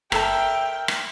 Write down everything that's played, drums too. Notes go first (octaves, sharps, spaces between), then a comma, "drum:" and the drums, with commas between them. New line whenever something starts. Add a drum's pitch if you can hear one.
G1 A4 A#4 E5 G5 A5, drum: rim click
drum: rim click